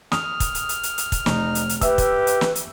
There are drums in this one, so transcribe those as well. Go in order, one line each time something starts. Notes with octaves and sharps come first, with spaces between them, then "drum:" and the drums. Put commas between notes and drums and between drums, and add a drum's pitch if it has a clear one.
D#6 F6, drum: snare
drum: kick, hi-hat
drum: hi-hat
drum: hi-hat
drum: hi-hat
drum: hi-hat
drum: kick, hi-hat
F1 D#4, drum: snare
drum: hi-hat
drum: hi-hat
G4 B4 E5 E6, drum: kick, hi-hat
drum: kick, hi-hat
drum: hi-hat
drum: snare
drum: hi-hat